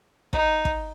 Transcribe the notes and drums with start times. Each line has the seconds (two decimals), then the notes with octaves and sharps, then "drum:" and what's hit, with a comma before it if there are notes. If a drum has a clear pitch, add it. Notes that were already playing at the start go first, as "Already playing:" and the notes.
0.33 D#4, drum: kick
0.65 drum: kick